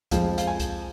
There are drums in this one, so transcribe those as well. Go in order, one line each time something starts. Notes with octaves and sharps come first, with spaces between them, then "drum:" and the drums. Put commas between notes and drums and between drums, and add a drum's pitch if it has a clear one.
F2 F3 G#3 F5, drum: kick C#2, hi-hat
F5, drum: hi-hat
G#5
drum: kick C#2, hi-hat